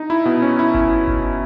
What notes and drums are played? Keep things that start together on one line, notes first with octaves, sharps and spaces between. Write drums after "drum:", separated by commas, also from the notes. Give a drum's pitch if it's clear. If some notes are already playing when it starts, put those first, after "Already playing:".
Already playing: D#4
E4
B2
C#4
E4
E4, drum: kick G1
drum: kick G1